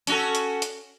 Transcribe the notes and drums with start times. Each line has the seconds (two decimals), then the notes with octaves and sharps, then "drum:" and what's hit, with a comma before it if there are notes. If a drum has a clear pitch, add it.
0.07 C#4 F#4 A4, drum: hi-hat
0.35 drum: hi-hat
0.62 drum: hi-hat